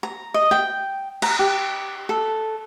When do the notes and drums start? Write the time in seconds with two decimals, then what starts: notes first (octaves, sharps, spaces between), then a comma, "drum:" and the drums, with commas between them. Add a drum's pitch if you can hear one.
0.03 A#5
0.34 D#5
0.51 G5
1.22 A#5, drum: cymbal
1.39 G4
2.09 A4